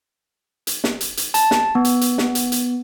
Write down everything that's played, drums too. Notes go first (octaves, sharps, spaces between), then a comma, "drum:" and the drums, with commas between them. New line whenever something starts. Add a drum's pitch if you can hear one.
drum: hi-hat
drum: snare
drum: hi-hat
drum: hi-hat
A5, drum: hi-hat
drum: snare
B3
drum: hi-hat
drum: hi-hat
drum: snare
drum: hi-hat
drum: hi-hat